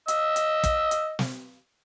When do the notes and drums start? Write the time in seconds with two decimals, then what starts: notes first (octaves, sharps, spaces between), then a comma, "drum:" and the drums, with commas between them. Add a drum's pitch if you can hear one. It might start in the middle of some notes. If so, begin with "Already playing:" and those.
0.08 D#5 E6, drum: hi-hat
0.36 drum: hi-hat
0.64 drum: kick, hi-hat
0.91 drum: hi-hat
1.19 drum: snare